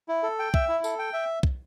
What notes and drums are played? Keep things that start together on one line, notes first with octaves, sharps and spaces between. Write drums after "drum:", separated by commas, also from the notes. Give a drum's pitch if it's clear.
E4
A4
G5
E5, drum: kick
E4
A4, drum: tambourine
G5
E5
drum: kick